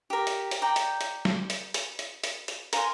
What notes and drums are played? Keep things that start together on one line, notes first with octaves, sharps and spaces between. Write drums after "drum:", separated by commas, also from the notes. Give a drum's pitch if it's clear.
G4 A#4
drum: hi-hat
drum: hi-hat
D5 G5 A#5
drum: hi-hat
drum: hi-hat
drum: snare
drum: hi-hat
drum: hi-hat
drum: hi-hat
drum: hi-hat
drum: hi-hat
A#4 F5 G#5 C6, drum: hi-hat